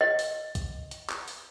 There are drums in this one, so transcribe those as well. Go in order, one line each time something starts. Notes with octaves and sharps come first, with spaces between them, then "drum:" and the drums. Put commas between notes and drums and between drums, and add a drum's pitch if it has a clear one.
D#5
drum: open hi-hat
drum: kick, hi-hat
drum: hi-hat
drum: clap
drum: open hi-hat